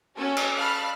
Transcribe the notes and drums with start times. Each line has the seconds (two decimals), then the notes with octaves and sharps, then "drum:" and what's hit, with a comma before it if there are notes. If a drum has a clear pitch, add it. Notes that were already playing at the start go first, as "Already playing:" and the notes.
0.18 C#4 F#4 A4
0.37 drum: cymbal
0.56 F5 A5 B5 F6 F#6